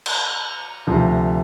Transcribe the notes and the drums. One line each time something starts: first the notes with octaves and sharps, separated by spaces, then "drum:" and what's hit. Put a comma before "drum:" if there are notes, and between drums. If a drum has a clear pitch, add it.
drum: cymbal
D2 C3 F3